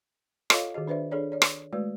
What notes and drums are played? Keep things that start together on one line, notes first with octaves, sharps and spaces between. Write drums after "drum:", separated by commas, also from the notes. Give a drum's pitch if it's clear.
F4 A4 C#5 D#5 F5, drum: rim click
D#3 F#4 G#4 D#5
D4 B4 C5 D5 E5
D4 G#4 A4 C#5 D5
C#5 D5
drum: rim click
G#3 A3 F#4 B4 D5